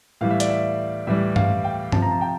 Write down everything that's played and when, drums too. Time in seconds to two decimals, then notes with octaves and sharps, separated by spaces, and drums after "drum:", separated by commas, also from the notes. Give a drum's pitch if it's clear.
0.21 A2 E3 G3 F5
0.31 E5
0.40 D5, drum: hi-hat
0.49 E5
1.07 A2 E3 G3 E5
1.36 F5, drum: tom G2
1.64 G5
1.92 C3 F3 A5, drum: tom G2
2.02 A#5
2.11 A5
2.21 G5